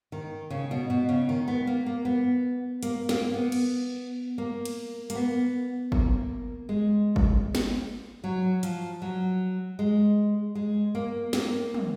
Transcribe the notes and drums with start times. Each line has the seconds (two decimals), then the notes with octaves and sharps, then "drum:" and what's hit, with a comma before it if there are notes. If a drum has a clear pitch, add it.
0.12 D#3
0.50 C#3
0.71 B2
0.90 B2
1.09 C#3
1.29 D#3
1.48 B3
1.67 A#3
1.86 A#3
2.05 B3
2.83 A#3, drum: hi-hat
3.09 A#3, drum: snare
3.34 B3
3.52 drum: cymbal
4.38 A#3
4.65 drum: cymbal
5.10 A#3, drum: hi-hat
5.15 B3
5.92 A#3, drum: kick
6.69 G#3
7.16 drum: kick
7.55 drum: snare
8.24 F#3
8.63 F3, drum: hi-hat
9.02 F#3
9.79 G#3
10.55 G#3
10.95 A#3
11.33 A#3, drum: snare
11.74 drum: tom